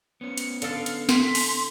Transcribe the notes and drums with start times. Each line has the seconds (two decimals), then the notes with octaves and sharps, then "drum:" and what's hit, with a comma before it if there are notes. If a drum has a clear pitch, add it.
0.21 B3 C#4 C#7
0.37 drum: hi-hat
0.62 D3 A4 F5, drum: hi-hat
0.86 drum: hi-hat
1.09 C6 B6, drum: snare
1.35 drum: open hi-hat